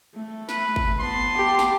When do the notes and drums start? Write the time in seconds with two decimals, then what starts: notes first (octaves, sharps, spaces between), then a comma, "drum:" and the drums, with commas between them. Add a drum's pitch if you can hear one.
0.15 A3
0.49 B4, drum: snare
0.76 drum: kick
0.99 B3 A5 C6
1.36 G4
1.59 drum: snare